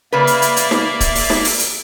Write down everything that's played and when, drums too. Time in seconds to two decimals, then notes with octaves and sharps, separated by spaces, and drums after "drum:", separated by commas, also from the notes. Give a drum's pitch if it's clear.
0.13 C#3 A#3 B4 D5 E5
0.27 drum: hi-hat
0.42 drum: hi-hat
0.56 drum: hi-hat
0.71 drum: snare
1.00 drum: kick C#1, hi-hat
1.15 drum: open hi-hat
1.30 drum: snare
1.44 drum: open hi-hat
1.59 drum: hi-hat